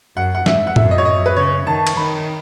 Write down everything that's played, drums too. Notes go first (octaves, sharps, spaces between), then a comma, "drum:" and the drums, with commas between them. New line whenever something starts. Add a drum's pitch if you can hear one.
F#2 F#5
F#5
G#2 E5, drum: snare
F#5
F#2 E5, drum: tom A2
D#5
C#5
D#5
B4
C#3 C#5
D#3 A5
drum: cymbal
D#3 B5